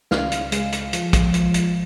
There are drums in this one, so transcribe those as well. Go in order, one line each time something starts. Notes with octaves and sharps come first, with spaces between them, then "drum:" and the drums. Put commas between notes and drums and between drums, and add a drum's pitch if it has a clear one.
C#2 F5, drum: snare
drum: hi-hat
G#3, drum: hi-hat
drum: hi-hat
F3, drum: hi-hat
drum: kick, hi-hat
F3, drum: hi-hat
drum: hi-hat